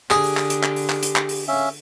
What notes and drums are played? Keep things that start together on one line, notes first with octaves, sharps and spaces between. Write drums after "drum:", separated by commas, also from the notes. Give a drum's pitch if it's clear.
D3 G4 G#4, drum: clap
drum: open hi-hat
drum: clap
drum: hi-hat
drum: clap
drum: open hi-hat
drum: clap
drum: hi-hat
drum: clap
drum: open hi-hat
C#4 E5 F5